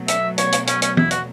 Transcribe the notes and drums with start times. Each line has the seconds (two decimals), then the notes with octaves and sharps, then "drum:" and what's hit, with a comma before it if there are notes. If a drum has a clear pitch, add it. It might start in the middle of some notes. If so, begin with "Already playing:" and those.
Already playing: B2 F#3 A3
0.08 E5, drum: hi-hat
0.38 C#5, drum: hi-hat
0.52 drum: hi-hat
0.67 C#4, drum: hi-hat
0.82 C#4, drum: hi-hat
0.97 E4, drum: tom
1.11 F#4, drum: hi-hat